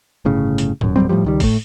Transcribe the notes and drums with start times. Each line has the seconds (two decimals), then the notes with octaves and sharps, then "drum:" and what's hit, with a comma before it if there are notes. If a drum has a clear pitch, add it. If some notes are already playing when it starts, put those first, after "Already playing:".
0.25 G1 A2 C#3
0.58 drum: hi-hat
0.81 D#1 F#2, drum: tom G#2
0.96 D1 F#3 G3 C4
1.09 A2 C#3 F3 G3
1.25 C#2 D#3 G3
1.40 A2 A3, drum: kick, open hi-hat